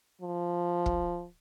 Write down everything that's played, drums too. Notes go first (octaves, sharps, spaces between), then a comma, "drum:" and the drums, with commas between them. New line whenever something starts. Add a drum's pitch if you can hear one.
F3
drum: kick